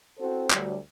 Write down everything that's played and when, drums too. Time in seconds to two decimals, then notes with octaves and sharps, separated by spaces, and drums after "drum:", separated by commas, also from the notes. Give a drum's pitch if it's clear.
0.19 C4 E4 F#4 A4 C5
0.51 D2 F#3 G3, drum: clap